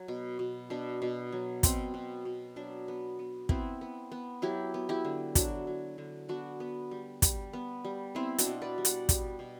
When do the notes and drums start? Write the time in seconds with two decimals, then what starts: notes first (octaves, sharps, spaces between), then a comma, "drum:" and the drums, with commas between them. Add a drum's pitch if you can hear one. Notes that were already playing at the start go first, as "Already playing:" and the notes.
Already playing: F#3
0.08 B2
0.39 B2
0.70 B2 D4
1.02 B2
1.32 F#3
1.63 B2 C4, drum: kick, hi-hat
1.94 B2
2.25 B2
2.56 F#3 D4
2.88 B3
3.19 B3
3.49 B3 C4 E4, drum: kick
3.81 B3
4.12 B3
4.42 F#3 E4 G4
4.74 B3
4.89 E4 G4
5.05 D3
5.35 F#3 D4 F#4, drum: kick, hi-hat
5.67 F#3
5.98 D3
6.28 B3 D4 F#4
6.60 B3
6.91 G3
7.22 G3, drum: kick, hi-hat
7.53 B3
7.85 G3
8.15 B3 C4 E4
8.38 D4 F#4, drum: hi-hat
8.46 B2
8.62 B4 D5
8.78 G3
8.85 D5 F#5, drum: hi-hat
9.09 G3, drum: kick, hi-hat
9.39 B2